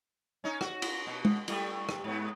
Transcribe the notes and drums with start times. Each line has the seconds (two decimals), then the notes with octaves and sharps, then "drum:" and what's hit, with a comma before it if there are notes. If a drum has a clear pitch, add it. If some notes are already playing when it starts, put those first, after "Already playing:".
0.44 C#4 D#4
0.61 F#4, drum: rim click
0.82 drum: cymbal
1.07 B2
1.25 drum: tom G#3
1.48 G3 A3, drum: cymbal
1.89 drum: rim click
2.04 G#2 B3